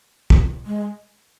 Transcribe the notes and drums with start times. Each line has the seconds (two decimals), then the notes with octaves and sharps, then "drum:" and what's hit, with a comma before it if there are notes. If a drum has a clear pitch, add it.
0.30 drum: kick
0.66 G#3